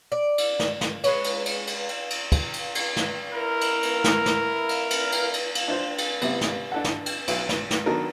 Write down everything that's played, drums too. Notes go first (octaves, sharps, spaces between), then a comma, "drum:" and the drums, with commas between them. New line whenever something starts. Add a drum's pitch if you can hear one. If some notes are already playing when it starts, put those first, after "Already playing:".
D5
drum: cymbal
drum: snare
drum: snare
G#3 B4 C#5, drum: cymbal
drum: cymbal
drum: cymbal
drum: cymbal
drum: cymbal
drum: cymbal
drum: kick, cymbal
drum: cymbal
drum: cymbal
drum: snare
E4 A#4
drum: cymbal
drum: cymbal
drum: snare
drum: snare
drum: cymbal
drum: cymbal
drum: cymbal
drum: cymbal
drum: cymbal
D4 F4 C5
drum: cymbal
A2 C3 B3, drum: cymbal
drum: snare
D4 A4 F#5
drum: snare
drum: cymbal
B1, drum: cymbal
drum: snare
drum: snare
D#3 F#3 B3 D4 A4 A#4